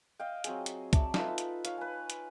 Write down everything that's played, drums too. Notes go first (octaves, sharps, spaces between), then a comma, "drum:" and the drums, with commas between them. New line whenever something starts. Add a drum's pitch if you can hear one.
D#5 F5 G5
F#3 C4 G#4, drum: hi-hat
drum: hi-hat
D5 E5 A5, drum: kick C2, hi-hat
D#4 F4 A4 B4, drum: snare
drum: hi-hat
C#5 F5, drum: hi-hat
B4 G#5
drum: hi-hat